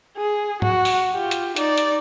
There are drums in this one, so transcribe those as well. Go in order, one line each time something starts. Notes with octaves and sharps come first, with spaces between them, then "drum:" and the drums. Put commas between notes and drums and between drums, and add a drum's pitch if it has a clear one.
G#4
F#4, drum: tom
drum: open hi-hat
F4 G4
drum: hi-hat
D#4 D5, drum: hi-hat
drum: hi-hat